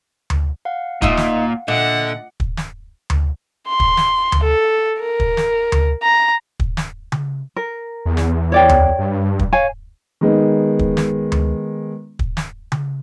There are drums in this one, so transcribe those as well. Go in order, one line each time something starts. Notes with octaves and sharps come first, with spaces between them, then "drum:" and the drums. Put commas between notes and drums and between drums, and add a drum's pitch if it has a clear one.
drum: tom D2
F5 F#5
A#2 D#4 F4 E5, drum: kick
drum: snare
A#2 D3 D#5 E5 F#5
drum: kick
drum: snare
drum: tom D2
C6
drum: kick
drum: snare
drum: tom D2
A4
A#4
drum: kick
drum: snare
drum: tom D2
A#5
drum: kick
drum: snare
drum: tom C#3
A#4
E2
drum: snare
C#5 D5 G5
drum: tom D2
G2
drum: kick
C#5 F5 G#5
D#3 G#3 B3
drum: kick
drum: snare
drum: tom D2
drum: kick
drum: snare
drum: tom C#3